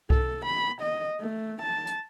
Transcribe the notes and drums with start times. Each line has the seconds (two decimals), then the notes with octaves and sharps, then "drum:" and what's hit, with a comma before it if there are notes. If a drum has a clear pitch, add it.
0.10 A4, drum: kick C2
0.45 B5
0.81 D#5
1.20 A3
1.62 A5
1.87 drum: hi-hat